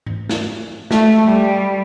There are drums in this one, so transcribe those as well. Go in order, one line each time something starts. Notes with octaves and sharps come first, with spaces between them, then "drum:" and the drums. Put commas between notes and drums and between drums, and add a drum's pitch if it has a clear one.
drum: tom G#2
drum: snare
A3, drum: snare
G3